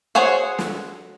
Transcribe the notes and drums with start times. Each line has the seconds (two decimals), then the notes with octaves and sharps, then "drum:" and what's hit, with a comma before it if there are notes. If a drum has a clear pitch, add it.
0.15 F#4 G#4 C5 C#5
0.58 drum: snare